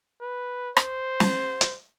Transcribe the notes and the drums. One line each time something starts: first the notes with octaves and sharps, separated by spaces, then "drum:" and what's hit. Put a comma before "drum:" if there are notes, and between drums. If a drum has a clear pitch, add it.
B4
C5, drum: rim click
drum: snare
drum: hi-hat